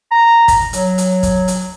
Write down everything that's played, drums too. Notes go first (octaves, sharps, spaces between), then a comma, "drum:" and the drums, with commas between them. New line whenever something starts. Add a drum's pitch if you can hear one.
A#5
drum: kick, hi-hat
F#3, drum: hi-hat
drum: hi-hat
drum: kick, hi-hat
drum: hi-hat